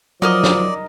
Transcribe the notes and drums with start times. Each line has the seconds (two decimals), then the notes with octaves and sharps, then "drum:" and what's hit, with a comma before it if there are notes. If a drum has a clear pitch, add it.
0.22 F3 F#3 D#4 A#4 D5 D#5
0.44 drum: snare